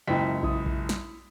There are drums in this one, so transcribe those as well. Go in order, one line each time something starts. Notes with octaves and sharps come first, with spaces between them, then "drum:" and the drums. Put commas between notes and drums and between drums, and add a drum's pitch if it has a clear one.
F#1 C#2 E4 G5 B6
E4 D#6, drum: kick A#1
drum: kick A#1
drum: snare